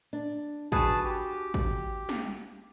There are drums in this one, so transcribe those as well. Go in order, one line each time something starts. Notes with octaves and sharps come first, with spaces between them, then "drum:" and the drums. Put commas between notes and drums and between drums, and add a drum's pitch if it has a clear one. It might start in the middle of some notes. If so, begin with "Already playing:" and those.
D4
F#4 G#4 B4 A5, drum: kick
G4
drum: kick
drum: snare